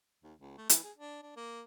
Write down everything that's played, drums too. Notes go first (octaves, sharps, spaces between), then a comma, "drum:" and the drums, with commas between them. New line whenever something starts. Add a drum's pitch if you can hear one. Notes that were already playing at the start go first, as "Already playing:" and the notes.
D#2
C#2
A3
E3, drum: hi-hat
G#4
D4
D4
A#3